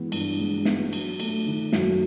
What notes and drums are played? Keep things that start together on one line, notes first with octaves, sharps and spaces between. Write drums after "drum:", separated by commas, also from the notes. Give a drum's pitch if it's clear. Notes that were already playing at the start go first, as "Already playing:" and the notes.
Already playing: E3 G#3 B3
G2, drum: cymbal
G#3
B3, drum: snare
F#3, drum: cymbal
A3, drum: cymbal
D#3
F#2, drum: snare